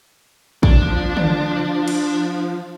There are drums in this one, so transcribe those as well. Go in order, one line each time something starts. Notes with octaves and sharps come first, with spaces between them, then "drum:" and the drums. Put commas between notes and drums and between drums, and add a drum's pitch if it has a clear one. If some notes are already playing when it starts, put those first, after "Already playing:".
D4, drum: kick
F3
drum: tom
drum: cymbal